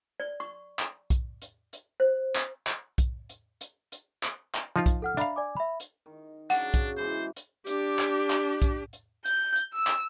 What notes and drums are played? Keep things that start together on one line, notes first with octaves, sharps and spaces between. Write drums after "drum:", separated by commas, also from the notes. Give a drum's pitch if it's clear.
D5
C#6
drum: clap
drum: kick B1, hi-hat
drum: hi-hat
drum: hi-hat
C5
drum: clap
drum: clap
drum: kick B1, hi-hat
drum: hi-hat
drum: hi-hat
drum: hi-hat
drum: clap
drum: clap
F3 D#4 F4 F5
drum: kick B1, hi-hat
A4 F#5 F6
D4 E5 F5 A#5 B5, drum: hi-hat
D5 G#5 D6
E5 B5
drum: hi-hat
D#3
C#3 F#3 D4 F#5
drum: kick B1, hi-hat
B2 E3 G#3 C5
drum: hi-hat
D4 G4, drum: hi-hat
drum: clap
drum: clap
drum: kick B1, hi-hat
drum: hi-hat
G6, drum: hi-hat
drum: hi-hat
E6
drum: clap